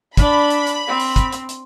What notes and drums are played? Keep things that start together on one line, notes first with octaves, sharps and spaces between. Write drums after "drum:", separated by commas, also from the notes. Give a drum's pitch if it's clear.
D4 B5, drum: kick, hi-hat
drum: hi-hat
drum: hi-hat
C4
drum: open hi-hat
drum: kick, hi-hat
drum: hi-hat
drum: hi-hat